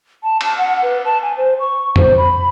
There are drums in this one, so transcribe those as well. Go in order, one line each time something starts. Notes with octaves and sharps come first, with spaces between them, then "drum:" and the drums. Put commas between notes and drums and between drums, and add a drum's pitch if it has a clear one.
A5
A5, drum: cymbal
F#5
B4
A5
G#5
C5
C#6
C5, drum: tom F2
B5